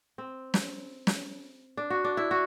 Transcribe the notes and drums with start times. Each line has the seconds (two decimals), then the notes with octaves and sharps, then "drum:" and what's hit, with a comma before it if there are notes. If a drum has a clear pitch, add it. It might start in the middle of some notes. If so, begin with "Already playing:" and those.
0.18 C4
0.54 drum: snare
1.07 drum: snare
1.77 D4
1.90 F#4
2.04 D4
2.17 E4
2.31 F#4